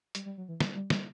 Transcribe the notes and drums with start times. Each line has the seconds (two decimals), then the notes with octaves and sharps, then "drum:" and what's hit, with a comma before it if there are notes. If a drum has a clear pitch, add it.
0.15 G3, drum: hi-hat
0.26 G3
0.38 F#3
0.48 E3
0.60 G3, drum: snare
0.75 G3
0.90 G3, drum: snare